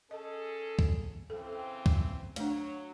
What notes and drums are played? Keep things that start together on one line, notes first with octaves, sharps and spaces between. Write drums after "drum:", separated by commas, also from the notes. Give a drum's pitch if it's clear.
C#4 G#4 A4 D#5
drum: kick
C#3 E3 C4 A4
drum: kick
F#3 A3 D4, drum: hi-hat